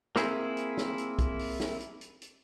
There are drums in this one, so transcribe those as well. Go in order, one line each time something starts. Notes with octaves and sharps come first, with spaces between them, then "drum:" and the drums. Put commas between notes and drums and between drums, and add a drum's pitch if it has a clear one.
A#3 C4 E4 G#4, drum: snare
drum: hi-hat
drum: snare
drum: hi-hat
drum: kick B1, hi-hat
drum: open hi-hat
drum: snare
drum: hi-hat
drum: hi-hat
drum: hi-hat